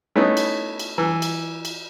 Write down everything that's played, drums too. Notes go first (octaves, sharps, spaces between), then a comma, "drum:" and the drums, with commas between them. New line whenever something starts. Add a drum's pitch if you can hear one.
A3 B3 C#4 D#4 E4
drum: cymbal
drum: cymbal
E3
drum: cymbal
drum: cymbal